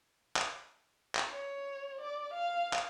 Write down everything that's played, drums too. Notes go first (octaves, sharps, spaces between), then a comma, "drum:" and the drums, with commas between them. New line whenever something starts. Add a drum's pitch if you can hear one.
drum: clap
drum: clap
C#5
D5
F5
drum: clap